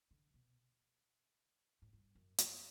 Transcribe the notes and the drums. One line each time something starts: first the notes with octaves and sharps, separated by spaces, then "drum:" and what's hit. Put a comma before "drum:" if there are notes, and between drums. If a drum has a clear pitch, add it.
D3
B2
A2
G2
F#2
F#2, drum: hi-hat